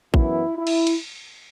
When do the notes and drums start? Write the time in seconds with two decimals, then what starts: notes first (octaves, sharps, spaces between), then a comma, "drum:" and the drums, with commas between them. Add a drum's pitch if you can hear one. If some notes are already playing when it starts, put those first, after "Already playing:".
0.14 F#2 E3 B3 E4, drum: kick A1
0.56 E4
0.67 drum: cymbal
0.87 drum: cymbal